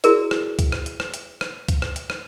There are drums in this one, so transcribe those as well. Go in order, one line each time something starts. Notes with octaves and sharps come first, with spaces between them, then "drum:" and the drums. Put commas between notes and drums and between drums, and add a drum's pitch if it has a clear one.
E4 F#4 G#4 A#4 D5, drum: hi-hat
drum: rim click
drum: kick C#2, hi-hat
drum: rim click
drum: hi-hat
drum: rim click
drum: hi-hat
drum: rim click
drum: kick C#2, hi-hat
drum: rim click
drum: hi-hat
drum: rim click